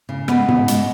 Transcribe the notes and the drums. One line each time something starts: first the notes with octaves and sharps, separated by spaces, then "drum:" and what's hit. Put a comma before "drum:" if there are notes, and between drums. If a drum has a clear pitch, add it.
C#3
G#3 B3, drum: rim click
C#3, drum: tom G#2
G#3, drum: hi-hat